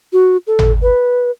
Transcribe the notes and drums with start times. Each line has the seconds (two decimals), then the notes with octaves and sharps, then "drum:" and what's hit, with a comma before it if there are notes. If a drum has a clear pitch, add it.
0.13 F#4
0.47 A4
0.59 drum: tom G#1
0.82 B4